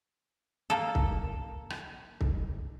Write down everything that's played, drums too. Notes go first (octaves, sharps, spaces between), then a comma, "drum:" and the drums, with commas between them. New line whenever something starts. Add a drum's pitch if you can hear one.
A#3 A4
drum: kick C2
drum: rim click
drum: kick C2